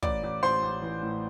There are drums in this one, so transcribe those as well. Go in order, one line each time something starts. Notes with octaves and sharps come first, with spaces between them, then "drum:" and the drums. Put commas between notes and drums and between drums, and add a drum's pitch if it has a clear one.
A1 D5 D6, drum: kick
A1
A1 C5 C6
A1
E3
A2